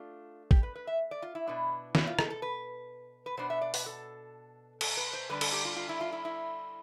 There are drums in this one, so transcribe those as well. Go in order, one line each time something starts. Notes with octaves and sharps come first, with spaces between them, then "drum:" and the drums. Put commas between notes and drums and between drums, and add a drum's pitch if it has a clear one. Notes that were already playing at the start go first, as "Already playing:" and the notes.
Already playing: A3 D4 F4
G4, drum: kick A1
B4
B4
E5
D5
F4
E4
B2 B3 D4
E4, drum: snare
F4
A4, drum: rim click
A4
B4
B4
B2 B3 D4 C5
E5
D5
B4, drum: open hi-hat
A4
A4, drum: cymbal
B4
C5
D3 G3 D4 B4
A4, drum: cymbal
G4
F4
F4
E4
F4
E4
E4